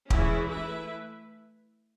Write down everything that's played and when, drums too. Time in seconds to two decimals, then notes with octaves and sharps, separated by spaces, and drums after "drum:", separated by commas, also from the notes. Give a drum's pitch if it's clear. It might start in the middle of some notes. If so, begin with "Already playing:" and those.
0.10 E3 G#3 C#4 E4 G#4, drum: kick
0.50 A3 E4 B4 E5